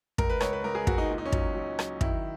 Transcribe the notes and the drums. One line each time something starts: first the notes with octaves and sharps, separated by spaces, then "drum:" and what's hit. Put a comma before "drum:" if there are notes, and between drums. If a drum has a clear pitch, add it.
C#2 A#4, drum: kick
B4
C#2 C#5, drum: rim click
B4
C#2 A#4
G#4
C#2 F#4, drum: kick
D#4
A#2
D#4
C#4
F#3, drum: kick
F#3
F#3, drum: rim click
D#3 E4, drum: kick